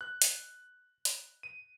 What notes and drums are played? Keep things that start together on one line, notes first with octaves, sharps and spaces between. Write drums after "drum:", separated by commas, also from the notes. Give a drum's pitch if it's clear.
F#6
drum: hi-hat
drum: hi-hat
D#7